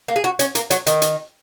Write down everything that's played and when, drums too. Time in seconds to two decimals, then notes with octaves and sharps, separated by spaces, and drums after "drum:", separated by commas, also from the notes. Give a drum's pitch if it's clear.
0.08 A#3
0.16 G#4
0.24 F#4
0.39 C#4, drum: hi-hat
0.55 A#3, drum: hi-hat
0.70 F#3, drum: hi-hat
0.87 D#3, drum: hi-hat
1.02 drum: hi-hat